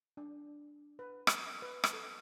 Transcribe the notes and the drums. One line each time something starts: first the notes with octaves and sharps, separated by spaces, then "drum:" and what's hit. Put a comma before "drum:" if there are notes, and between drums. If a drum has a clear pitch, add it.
D4
B4
drum: rim click
B4
drum: rim click
A4